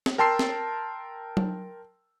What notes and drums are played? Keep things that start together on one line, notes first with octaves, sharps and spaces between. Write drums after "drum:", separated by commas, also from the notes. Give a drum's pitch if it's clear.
drum: snare
A#4 G5 A5 C6 E6 C7
drum: snare
drum: tom F#3